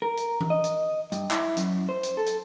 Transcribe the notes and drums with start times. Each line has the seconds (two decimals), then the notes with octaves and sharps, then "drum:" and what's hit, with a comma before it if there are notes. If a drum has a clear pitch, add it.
0.02 A#4
0.17 drum: hi-hat
0.41 drum: tom E3
0.50 D#5
0.64 drum: hi-hat
1.12 G2, drum: hi-hat
1.31 E4, drum: clap
1.57 F#2, drum: hi-hat
1.89 C5
2.03 drum: hi-hat
2.17 A4
2.26 drum: hi-hat